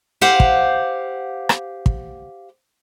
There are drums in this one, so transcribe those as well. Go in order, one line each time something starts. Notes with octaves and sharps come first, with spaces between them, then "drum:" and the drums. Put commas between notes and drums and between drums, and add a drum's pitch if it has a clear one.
G4 C5 F5 F#5
drum: kick
drum: rim click
drum: kick